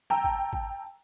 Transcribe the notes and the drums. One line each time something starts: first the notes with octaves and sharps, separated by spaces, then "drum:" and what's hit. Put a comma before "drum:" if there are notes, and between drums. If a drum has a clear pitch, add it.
G5 A5 A#5 E6
drum: kick G#1
drum: kick G#1